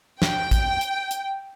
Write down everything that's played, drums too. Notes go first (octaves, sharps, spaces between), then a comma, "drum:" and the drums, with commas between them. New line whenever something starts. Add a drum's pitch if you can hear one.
G5, drum: snare
drum: kick, hi-hat
drum: hi-hat
drum: hi-hat